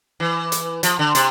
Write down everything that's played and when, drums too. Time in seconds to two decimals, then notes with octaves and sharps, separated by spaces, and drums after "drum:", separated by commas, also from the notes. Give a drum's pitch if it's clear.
0.20 E3
0.52 drum: hi-hat
0.83 F3, drum: hi-hat
0.99 D3
1.15 C3, drum: hi-hat